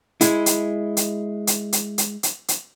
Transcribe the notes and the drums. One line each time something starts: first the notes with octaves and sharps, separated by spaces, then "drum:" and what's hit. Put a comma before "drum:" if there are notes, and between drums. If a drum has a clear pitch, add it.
G#3 E4, drum: hi-hat
drum: hi-hat
drum: hi-hat
drum: hi-hat
drum: hi-hat
drum: hi-hat
drum: hi-hat
drum: hi-hat